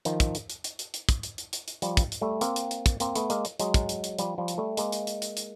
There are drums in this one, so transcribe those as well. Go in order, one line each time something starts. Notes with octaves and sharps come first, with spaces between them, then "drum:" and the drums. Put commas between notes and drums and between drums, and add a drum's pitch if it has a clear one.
D#3 F3, drum: hi-hat
drum: kick, hi-hat
drum: hi-hat
drum: hi-hat
drum: hi-hat
drum: hi-hat
drum: hi-hat
drum: kick, hi-hat
drum: hi-hat
drum: hi-hat
drum: hi-hat
drum: hi-hat
F3 G3, drum: hi-hat
drum: kick, hi-hat
drum: hi-hat
G3 A3
A#3 C4, drum: hi-hat
drum: hi-hat
drum: hi-hat
drum: kick, hi-hat
A#3 C4, drum: hi-hat
A3 B3, drum: hi-hat
G#3 A#3, drum: hi-hat
drum: hi-hat
F#3 G#3, drum: hi-hat
drum: kick, hi-hat
drum: hi-hat
drum: hi-hat
F3 G3, drum: hi-hat
F3 G3
drum: hi-hat
G3 A3
G#3 A#3, drum: hi-hat
drum: hi-hat
drum: hi-hat
drum: hi-hat
drum: hi-hat